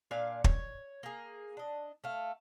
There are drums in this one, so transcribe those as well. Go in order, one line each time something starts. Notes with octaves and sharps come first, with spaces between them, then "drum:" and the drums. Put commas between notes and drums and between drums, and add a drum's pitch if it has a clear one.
A#2 D4 F5 G#5
C#5, drum: kick
A#3 G#4
D4 D#5
A3 F5